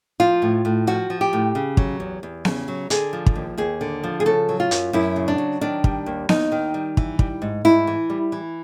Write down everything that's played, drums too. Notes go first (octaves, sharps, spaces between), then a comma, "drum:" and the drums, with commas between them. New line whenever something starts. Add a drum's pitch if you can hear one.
F3 F4
A2
A2
F3 F#4
F3
G4
A2
C#3
F#3, drum: kick
E2
E2
C#3, drum: snare B3
F#3
D3 G#4, drum: hi-hat
F3
drum: kick
D#2
D#2 G#4
D3
F3
G#4
C#3 A4
F#3
F4
F#2, drum: hi-hat
F#2 E4
C#3
D4
F#3
D#3 D4
G3, drum: kick
D#2
D#2 D#4, drum: snare B3
D#3
G3
E3, drum: kick
G3, drum: kick
G#2
G#2 E4
E3
G3
E3